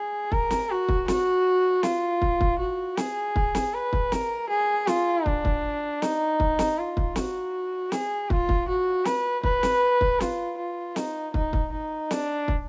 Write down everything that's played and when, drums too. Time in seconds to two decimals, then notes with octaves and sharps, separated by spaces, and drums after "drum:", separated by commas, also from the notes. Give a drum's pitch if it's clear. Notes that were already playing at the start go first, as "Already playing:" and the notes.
Already playing: G#4
0.32 A#4, drum: kick
0.50 drum: snare
0.70 F#4
0.89 drum: kick
1.08 F#4, drum: snare
1.83 F4, drum: snare
2.22 drum: kick
2.41 drum: kick
2.59 F#4
2.97 G#4, drum: snare
3.36 drum: kick
3.55 drum: snare
3.74 B4
3.93 drum: kick
4.12 A#4, drum: snare
4.49 G#4
4.87 F4, drum: snare
5.26 D4, drum: kick
5.45 drum: kick
6.02 D#4, drum: snare
6.40 drum: kick
6.59 drum: snare
6.78 F4
6.97 drum: kick
7.16 F#4, drum: snare
7.92 G#4, drum: snare
8.30 F4, drum: kick
8.49 drum: kick
8.68 F#4
9.05 B4, drum: snare
9.43 B4, drum: kick
9.63 drum: snare
10.01 drum: kick
10.20 F4, drum: snare
10.57 F4
10.96 D#4, drum: snare
11.34 D#4, drum: kick
11.53 drum: kick
11.72 D#4
12.11 D4, drum: snare
12.48 drum: kick